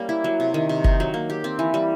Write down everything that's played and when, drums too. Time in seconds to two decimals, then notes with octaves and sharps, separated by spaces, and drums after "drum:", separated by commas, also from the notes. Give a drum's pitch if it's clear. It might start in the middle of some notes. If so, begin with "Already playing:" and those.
Already playing: G3 A#3 C#4
0.09 E4
0.24 F#3
0.40 C3
0.54 D#3
0.69 C3
0.84 D#4, drum: kick F#1
1.00 F#3
1.14 A#3
1.30 G4
1.44 C4
1.59 E3
1.74 G3